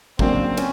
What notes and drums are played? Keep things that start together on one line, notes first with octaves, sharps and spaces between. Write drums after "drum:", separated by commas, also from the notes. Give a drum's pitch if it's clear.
C#3 F#3 A#3 C4 D4 F#4, drum: kick G#1
C#4, drum: cymbal